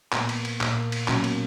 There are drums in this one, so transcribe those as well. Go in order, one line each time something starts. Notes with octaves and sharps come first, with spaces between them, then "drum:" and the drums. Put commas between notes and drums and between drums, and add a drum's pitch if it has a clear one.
A#2 A#3 B3, drum: clap
drum: cymbal
drum: cymbal
A#2 A#3, drum: clap
drum: cymbal
B2 F#3 A#3 C#4, drum: clap
drum: cymbal